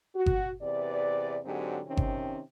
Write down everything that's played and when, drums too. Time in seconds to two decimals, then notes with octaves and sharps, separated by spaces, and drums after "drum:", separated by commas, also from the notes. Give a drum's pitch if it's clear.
0.15 F#4
0.26 drum: kick G1
0.62 E2 C3 B4 D5
1.45 G#2 D3 F#3 C4 G4
1.87 C3 D#3 C4 C#4
1.97 drum: kick G1